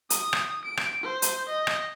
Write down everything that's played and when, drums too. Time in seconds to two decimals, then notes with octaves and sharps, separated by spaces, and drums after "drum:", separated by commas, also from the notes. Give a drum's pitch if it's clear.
0.10 D#6, drum: hi-hat
0.33 drum: rim click
0.65 D7
0.77 drum: rim click
1.03 C5
1.22 drum: hi-hat
1.49 D#5
1.67 drum: rim click